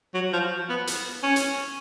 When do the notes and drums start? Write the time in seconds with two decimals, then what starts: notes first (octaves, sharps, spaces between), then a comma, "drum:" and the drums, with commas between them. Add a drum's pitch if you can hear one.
0.14 F#3
0.33 F3
0.69 B3
0.87 drum: hi-hat
1.23 C#4
1.36 drum: hi-hat